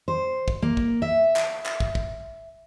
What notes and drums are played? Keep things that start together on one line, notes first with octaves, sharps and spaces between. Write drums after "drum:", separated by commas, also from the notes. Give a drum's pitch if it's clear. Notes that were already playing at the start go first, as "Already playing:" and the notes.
C5
drum: kick
A#3
drum: kick
E5
drum: clap
drum: clap
drum: kick
drum: kick